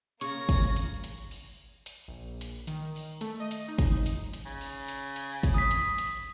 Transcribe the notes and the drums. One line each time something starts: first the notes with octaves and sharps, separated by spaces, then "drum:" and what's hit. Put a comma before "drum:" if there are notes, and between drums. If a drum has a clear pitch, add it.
C#3 A#3 C#5 C#6 A#6, drum: hi-hat
drum: kick, hi-hat
drum: hi-hat
drum: hi-hat
drum: open hi-hat
drum: hi-hat
A#1
drum: hi-hat
D#3, drum: hi-hat
drum: open hi-hat
A3, drum: hi-hat
D#5
drum: hi-hat
D#4
drum: kick, hi-hat
drum: hi-hat
drum: hi-hat
C#3
drum: open hi-hat
drum: hi-hat
drum: hi-hat
drum: kick, hi-hat
D#6 B6
drum: hi-hat
drum: hi-hat